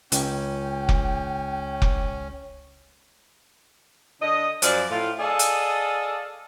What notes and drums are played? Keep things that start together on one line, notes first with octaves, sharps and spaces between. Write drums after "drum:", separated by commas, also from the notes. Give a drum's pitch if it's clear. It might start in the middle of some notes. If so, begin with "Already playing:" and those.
C#2 C#4 G5, drum: hi-hat
drum: kick F1
drum: kick F1
D3 D#5
F#2 F3 D5, drum: hi-hat
A2 F4
G#4 A4 D5 D#5 F5
drum: hi-hat